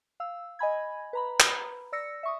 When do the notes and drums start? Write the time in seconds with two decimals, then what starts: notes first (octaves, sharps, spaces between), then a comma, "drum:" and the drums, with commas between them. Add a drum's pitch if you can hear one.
0.20 F5 E6
0.59 D#5 G#5 B5 G#6
1.13 B4 A#5 B5
1.40 drum: clap
1.92 D5 E6 A#6 C#7
2.23 E5 C#6 D#6